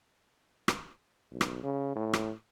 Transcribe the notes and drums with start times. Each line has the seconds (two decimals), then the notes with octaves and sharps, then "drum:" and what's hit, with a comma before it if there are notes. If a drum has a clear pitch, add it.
0.68 drum: rim click
1.32 B1
1.41 drum: rim click
1.63 C#3
1.95 A2
2.13 drum: rim click